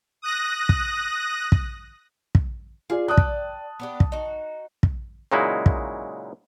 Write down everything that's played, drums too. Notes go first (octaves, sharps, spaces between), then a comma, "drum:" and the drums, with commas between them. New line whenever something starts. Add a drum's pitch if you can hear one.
D#6 F#6 A#6
drum: kick
drum: kick
drum: kick
F4 G#4 D5
D5 G5 A5 D#6 F#6
drum: kick
B3 D4 G4
drum: kick
D#4 F#4
drum: kick
A#2 C#3 F#3 G#3 D#4 E4
drum: kick